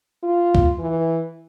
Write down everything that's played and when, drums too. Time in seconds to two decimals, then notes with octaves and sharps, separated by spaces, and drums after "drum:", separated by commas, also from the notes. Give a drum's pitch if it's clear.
0.23 F4
0.55 drum: kick C#2
0.79 E3